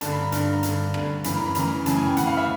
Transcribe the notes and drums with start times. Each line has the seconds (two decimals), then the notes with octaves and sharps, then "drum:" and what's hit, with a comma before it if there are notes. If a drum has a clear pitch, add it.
0.01 G2 D3 A5, drum: hi-hat
0.12 B5
0.21 A#5
0.32 G2 D3, drum: hi-hat
0.53 A#5
0.63 G2 D3, drum: hi-hat
0.94 G2 D3, drum: rim click
1.24 F#2 C#3 E3 B5, drum: hi-hat
1.35 A#5
1.45 B5
1.55 F#2 C#3 E3 A#5, drum: hi-hat
1.86 F#2 C#3 E3 A5, drum: hi-hat
1.97 G#5
2.07 G5
2.17 F#2 C#3 E3 F#5, drum: hi-hat
2.27 F5
2.37 E5